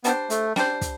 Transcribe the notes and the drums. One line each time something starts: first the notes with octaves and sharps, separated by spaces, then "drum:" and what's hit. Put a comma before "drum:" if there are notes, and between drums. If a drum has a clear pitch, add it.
G3 B3 D4 A4 C5, drum: hi-hat
A3, drum: hi-hat
G3 D4 A4 C5, drum: snare
drum: kick, hi-hat